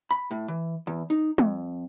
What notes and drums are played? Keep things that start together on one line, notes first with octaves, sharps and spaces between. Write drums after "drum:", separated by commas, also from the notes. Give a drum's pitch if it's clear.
B5
A2
E3
E2
D#4
F2, drum: tom